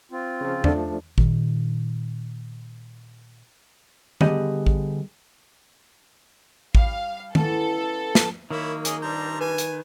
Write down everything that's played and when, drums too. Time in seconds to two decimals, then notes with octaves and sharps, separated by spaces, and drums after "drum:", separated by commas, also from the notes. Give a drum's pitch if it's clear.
0.12 C4 F4
0.41 C#3 F3
0.64 F3 A3 D4 A4, drum: tom E2
1.18 A#2 D#3, drum: kick A1
4.21 D3 G3 B3 G4 G#4 D#5, drum: tom
4.66 drum: kick A1
6.75 G3 F5, drum: kick A1
7.35 C#3 E3 B3 A4, drum: tom
8.15 drum: snare
8.50 D#3 F#3 A#3 E4 C#5
8.85 C#4 G#4 D#5, drum: hi-hat
9.02 G2 A#2 G3 C5 A#5 G6
9.41 B4 G#5
9.58 drum: hi-hat